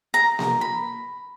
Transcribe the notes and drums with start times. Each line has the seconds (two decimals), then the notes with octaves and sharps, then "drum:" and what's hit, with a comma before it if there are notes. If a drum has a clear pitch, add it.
0.14 A#5
0.39 drum: snare A#3
0.61 B5